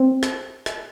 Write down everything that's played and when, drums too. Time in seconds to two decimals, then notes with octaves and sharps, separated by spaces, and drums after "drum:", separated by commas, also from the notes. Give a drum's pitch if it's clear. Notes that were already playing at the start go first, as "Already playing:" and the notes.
Already playing: C4
0.23 drum: rim click
0.66 drum: rim click